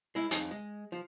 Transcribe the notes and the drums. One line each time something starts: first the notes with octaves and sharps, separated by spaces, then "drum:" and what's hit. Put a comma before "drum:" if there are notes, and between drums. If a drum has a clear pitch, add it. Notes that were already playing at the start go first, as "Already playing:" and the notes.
G#3 E4
F2 D#4 G#4 A5, drum: hi-hat
G#3
F3